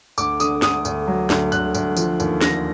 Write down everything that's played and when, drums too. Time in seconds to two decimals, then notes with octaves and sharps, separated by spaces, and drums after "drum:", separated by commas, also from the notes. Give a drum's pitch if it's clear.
0.18 D2 D6, drum: tambourine
0.40 D3 D#6, drum: tambourine
0.62 D2 D#6, drum: snare
0.85 D2, drum: tambourine
1.07 F#3
1.30 D2, drum: snare
1.52 D2 F#6, drum: tambourine
1.75 D2, drum: tambourine
1.97 F3, drum: tambourine
2.20 D#2, drum: tambourine
2.41 D3 A#6, drum: snare